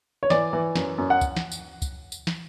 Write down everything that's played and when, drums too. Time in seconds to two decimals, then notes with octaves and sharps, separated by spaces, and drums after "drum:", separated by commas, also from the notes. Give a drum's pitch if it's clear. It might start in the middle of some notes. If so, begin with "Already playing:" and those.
0.23 C#5
0.30 E3 D5, drum: snare
0.53 E3
0.76 F#2, drum: snare
0.98 F#2
1.10 F#5
1.21 drum: kick C#2, tambourine
1.36 drum: snare
1.52 drum: tambourine
1.82 drum: kick C#2, tambourine
2.12 drum: tambourine
2.27 drum: snare